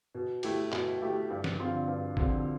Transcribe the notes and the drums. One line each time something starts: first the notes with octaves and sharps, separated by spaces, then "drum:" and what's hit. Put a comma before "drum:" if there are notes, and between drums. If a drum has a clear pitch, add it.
B2
A3 E4 G4, drum: cymbal
B2, drum: clap
A3 E4 G4
G2
drum: snare
D3 F3 C4 F4
G2
D3 F3 C4 F4, drum: kick A1